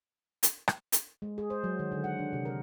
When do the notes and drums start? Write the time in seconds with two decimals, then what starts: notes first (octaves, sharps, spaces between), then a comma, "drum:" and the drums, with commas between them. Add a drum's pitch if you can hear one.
0.43 drum: hi-hat
0.68 drum: rim click
0.92 drum: hi-hat
1.22 G#3
1.38 G#4
1.50 C5
1.64 F#3
1.79 D#3
1.92 D3
2.04 F#5
2.19 D4
2.33 C3
2.45 A#4